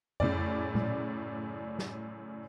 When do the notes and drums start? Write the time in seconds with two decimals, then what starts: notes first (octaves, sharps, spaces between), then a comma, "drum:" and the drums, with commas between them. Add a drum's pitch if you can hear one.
0.20 F#2 A2 C#3 D5, drum: tom F2
0.75 drum: tom A#2
1.79 drum: snare